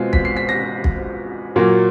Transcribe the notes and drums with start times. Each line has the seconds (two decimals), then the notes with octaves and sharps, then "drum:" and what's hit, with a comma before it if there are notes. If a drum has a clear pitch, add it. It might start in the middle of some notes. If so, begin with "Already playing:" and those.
Already playing: B2 G#3 C4 F4 C7
0.13 B6, drum: kick
0.25 C7
0.37 B6
0.49 A#6
0.84 drum: kick
1.56 A#2 F#3 A#3